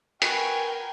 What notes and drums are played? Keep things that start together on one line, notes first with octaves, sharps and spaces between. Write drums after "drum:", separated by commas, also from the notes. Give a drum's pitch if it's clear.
F#4 A#4 B4 G5 G#5, drum: hi-hat